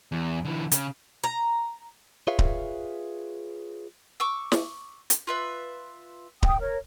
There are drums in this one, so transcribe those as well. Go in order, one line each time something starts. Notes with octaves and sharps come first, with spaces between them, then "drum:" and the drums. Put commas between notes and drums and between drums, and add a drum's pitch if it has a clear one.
E2
D3 E3
C#3, drum: hi-hat
A#5
F4 G#4 B4 C#5 E5 F5
drum: kick D1
C#6 D6 E6
drum: snare
drum: hi-hat
F4 B4 E5
G5 D#6, drum: kick D1
A#4 C#5